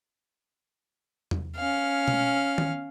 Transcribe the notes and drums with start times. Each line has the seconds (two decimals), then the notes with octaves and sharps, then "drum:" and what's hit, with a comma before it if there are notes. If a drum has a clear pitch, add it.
1.31 drum: tom E2
1.57 C#4 F5
2.08 drum: tom B2
2.58 drum: tom D#3